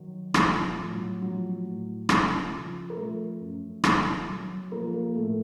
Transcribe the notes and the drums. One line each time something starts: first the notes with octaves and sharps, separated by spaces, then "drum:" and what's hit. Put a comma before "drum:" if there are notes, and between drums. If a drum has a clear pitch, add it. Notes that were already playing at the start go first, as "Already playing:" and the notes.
Already playing: D#3 F#3
F3, drum: rim click
F3 F4
A2 F4
F#3 F#4
F3 F#3 F#4
A2
C#3, drum: rim click
F3
A#4
F3 A3 A4
F#2
D#3, drum: rim click
F#3
F3 A#3 A#4
A#3 A#4
A2 A3 A4